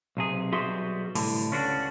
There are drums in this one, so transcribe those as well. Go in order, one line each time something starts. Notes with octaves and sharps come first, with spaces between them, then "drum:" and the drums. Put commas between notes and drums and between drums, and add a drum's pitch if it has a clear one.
B1 C3 G#4
B1 G3 F#4 G#4 E5 C6
C2 A2 D3, drum: open hi-hat
C#2 C#4 D4 F#4